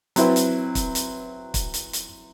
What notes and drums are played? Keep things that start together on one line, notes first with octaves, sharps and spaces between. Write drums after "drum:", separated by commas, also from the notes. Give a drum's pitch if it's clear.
F#3 C4 E4 B4, drum: hi-hat
drum: hi-hat
drum: kick, hi-hat
drum: hi-hat
drum: kick, hi-hat
drum: hi-hat
drum: hi-hat